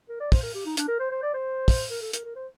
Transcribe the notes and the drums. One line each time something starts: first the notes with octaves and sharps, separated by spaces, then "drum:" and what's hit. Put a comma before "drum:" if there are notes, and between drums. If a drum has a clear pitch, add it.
A#4
D5
C5, drum: kick, open hi-hat
A#4
G4
D#4
D4, drum: hi-hat
A#4
C5
C5
D5
C5
drum: kick, open hi-hat
A#4
A4
A#4, drum: hi-hat
A#4
C5